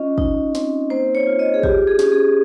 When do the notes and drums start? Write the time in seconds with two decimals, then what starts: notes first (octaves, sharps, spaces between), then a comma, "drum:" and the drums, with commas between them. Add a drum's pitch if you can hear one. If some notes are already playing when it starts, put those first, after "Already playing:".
Already playing: C#4 F4 D#5
0.18 D#4, drum: kick
0.55 C4, drum: snare
0.90 A#3 C5
1.15 C#5
1.27 F4
1.39 D#5
1.54 G#4
1.63 F4 G4, drum: kick
1.87 G#4
1.99 C#4, drum: snare
2.12 G#4